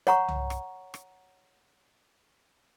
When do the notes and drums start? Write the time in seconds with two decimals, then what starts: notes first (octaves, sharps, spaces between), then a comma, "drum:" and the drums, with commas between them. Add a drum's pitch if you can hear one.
0.07 C#5 F#5 A#5 C#6, drum: rim click
0.28 drum: tom C2
0.50 drum: rim click
0.94 drum: rim click